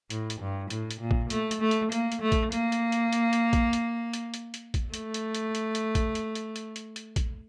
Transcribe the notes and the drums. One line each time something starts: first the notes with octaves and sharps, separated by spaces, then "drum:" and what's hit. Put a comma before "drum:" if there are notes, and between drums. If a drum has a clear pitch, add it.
A2, drum: hi-hat
drum: hi-hat
G2
A2, drum: hi-hat
drum: hi-hat
A#2
drum: kick
A3, drum: hi-hat
drum: hi-hat
A3
drum: hi-hat
A#3, drum: hi-hat
drum: hi-hat
A3
drum: kick, hi-hat
A#3, drum: hi-hat
drum: hi-hat
drum: hi-hat
drum: hi-hat
drum: hi-hat
drum: kick, hi-hat
drum: hi-hat
drum: hi-hat
drum: hi-hat
drum: hi-hat
drum: kick, hi-hat
A3, drum: hi-hat
drum: hi-hat
drum: hi-hat
drum: hi-hat
drum: hi-hat
drum: kick, hi-hat
drum: hi-hat
drum: hi-hat
drum: hi-hat
drum: hi-hat
drum: hi-hat
drum: kick, hi-hat